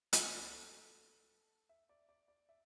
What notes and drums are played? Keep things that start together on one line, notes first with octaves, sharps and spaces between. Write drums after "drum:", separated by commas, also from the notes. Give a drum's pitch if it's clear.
D5, drum: hi-hat
F#4
A4
E5
D5
D5
D5
E5